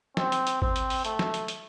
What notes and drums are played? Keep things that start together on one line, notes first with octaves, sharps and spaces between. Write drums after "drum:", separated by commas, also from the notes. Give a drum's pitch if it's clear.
C4, drum: snare
drum: hi-hat
drum: hi-hat
C4, drum: kick G#1
drum: hi-hat
drum: open hi-hat
A3, drum: hi-hat
drum: snare
drum: hi-hat
drum: hi-hat